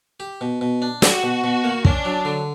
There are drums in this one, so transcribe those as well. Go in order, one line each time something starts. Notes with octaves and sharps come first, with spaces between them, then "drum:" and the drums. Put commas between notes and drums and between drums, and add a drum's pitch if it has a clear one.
G4
B2
B2
D4
F#4 G4, drum: snare
B2
B2
A#3
C#4 D4, drum: kick
F#3
D3